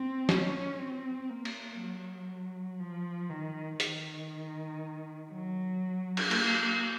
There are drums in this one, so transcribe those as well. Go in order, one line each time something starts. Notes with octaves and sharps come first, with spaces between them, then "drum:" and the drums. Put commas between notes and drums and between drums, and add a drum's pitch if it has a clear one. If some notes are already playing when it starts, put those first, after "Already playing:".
Already playing: C4
C#4, drum: snare
C4
A#3
drum: cymbal
F#3
F3
D#3
D#3, drum: hi-hat
F#3
drum: cymbal
A#3, drum: cymbal